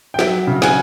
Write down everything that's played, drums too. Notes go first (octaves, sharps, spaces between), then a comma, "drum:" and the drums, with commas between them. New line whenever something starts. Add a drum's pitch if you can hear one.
G5
F#3 E5 F#5, drum: snare
C#3
F#5 G#5, drum: snare